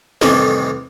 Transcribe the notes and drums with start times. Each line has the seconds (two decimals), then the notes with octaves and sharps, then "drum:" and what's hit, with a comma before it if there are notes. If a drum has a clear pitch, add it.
0.21 F2 A2 C3 D#3 E3 G3, drum: snare